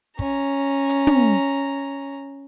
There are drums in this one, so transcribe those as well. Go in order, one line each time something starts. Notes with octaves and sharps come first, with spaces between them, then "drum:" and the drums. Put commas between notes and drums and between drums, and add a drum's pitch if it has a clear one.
C#4 A#5, drum: kick
drum: hi-hat
drum: tom